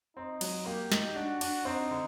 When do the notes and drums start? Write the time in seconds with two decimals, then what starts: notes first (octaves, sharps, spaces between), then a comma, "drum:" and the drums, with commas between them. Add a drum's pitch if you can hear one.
0.17 C4 D#4
0.41 F#3, drum: cymbal
0.66 A#3 G4
0.92 D#4, drum: snare
1.16 D4 F#4
1.41 D4, drum: cymbal
1.65 C4 D#4
1.91 D3